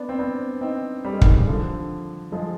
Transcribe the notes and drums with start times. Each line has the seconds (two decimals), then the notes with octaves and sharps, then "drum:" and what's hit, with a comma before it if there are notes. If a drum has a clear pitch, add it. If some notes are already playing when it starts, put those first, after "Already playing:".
Already playing: B3 D4
0.09 C4
0.19 B3 D4
0.61 C4 D#4
1.05 G3
1.13 G#3
1.21 D#3 G3, drum: kick
1.47 D3 F3
2.32 F3 G#3